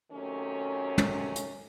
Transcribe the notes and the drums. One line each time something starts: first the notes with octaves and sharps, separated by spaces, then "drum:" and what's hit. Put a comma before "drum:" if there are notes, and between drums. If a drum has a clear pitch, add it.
C3 D#3 F#3 A3 C#4
drum: tom
drum: hi-hat